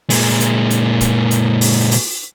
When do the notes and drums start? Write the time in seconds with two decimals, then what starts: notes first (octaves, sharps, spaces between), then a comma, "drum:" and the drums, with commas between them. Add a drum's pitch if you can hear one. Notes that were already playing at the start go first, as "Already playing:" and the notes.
0.10 A#2 G#3, drum: open hi-hat
0.40 drum: hi-hat
0.70 drum: hi-hat
1.01 drum: kick, hi-hat
1.31 drum: hi-hat
1.61 drum: open hi-hat
1.91 drum: open hi-hat